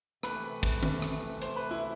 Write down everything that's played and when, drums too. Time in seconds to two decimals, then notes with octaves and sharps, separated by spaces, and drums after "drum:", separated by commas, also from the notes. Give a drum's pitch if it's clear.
0.23 C3 E3 A3 B4, drum: rim click
0.63 drum: kick, hi-hat
0.83 drum: tom
1.02 drum: rim click
1.42 C5, drum: hi-hat
1.56 B4
1.71 E4